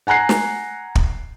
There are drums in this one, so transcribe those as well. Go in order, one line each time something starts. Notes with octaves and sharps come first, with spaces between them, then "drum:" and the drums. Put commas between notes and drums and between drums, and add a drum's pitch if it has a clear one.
F#5 G#5 A#5 F#6 C7
drum: snare
drum: kick